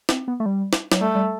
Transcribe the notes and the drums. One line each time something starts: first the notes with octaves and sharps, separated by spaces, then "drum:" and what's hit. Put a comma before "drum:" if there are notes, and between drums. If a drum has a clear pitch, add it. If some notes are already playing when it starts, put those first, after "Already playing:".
C4, drum: snare
B3
A3
G3
drum: snare
F#3, drum: snare
G3 A3
G3